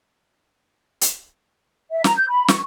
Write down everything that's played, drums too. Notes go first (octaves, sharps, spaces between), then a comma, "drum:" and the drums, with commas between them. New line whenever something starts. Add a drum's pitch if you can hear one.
drum: hi-hat
E5
A#5, drum: snare
G6
B5
C#6, drum: snare